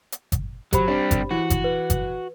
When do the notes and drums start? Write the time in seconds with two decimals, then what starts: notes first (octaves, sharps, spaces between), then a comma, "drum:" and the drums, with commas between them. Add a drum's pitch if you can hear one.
0.12 drum: hi-hat
0.32 drum: kick G1, hi-hat
0.73 F#3 G4 C5 B5, drum: kick G1, hi-hat
0.88 G3 C4 D4
1.11 drum: kick G1, hi-hat
1.31 E3 F#4
1.50 drum: kick G1, hi-hat
1.64 B4
1.90 drum: kick G1, hi-hat